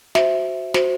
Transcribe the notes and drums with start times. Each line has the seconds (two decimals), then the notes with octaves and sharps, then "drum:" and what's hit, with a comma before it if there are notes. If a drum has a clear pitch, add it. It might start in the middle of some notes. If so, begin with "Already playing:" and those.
0.15 F#4 C5 E5, drum: snare
0.74 F#4 C5, drum: snare